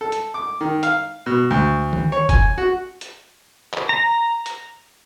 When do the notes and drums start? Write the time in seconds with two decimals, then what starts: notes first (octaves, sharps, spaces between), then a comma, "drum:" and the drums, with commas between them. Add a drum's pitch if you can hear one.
0.01 A4
0.12 drum: hi-hat
0.34 D6
0.61 D#3
0.83 F5, drum: hi-hat
1.26 B2
1.50 D2
1.93 drum: tom D#3
2.12 C#5
2.29 G#5, drum: kick, hi-hat
2.58 F#4
3.01 drum: hi-hat
3.74 drum: clap
3.89 A#5
4.46 drum: hi-hat